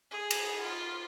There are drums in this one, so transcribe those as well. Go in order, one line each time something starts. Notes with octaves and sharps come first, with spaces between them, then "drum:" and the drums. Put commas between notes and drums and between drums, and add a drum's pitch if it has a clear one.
G#4
drum: cymbal
F4